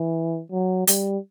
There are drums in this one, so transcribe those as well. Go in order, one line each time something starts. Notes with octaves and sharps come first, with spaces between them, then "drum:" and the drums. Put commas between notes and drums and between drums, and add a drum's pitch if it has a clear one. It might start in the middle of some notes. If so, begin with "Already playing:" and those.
Already playing: E3
F#3
G3, drum: hi-hat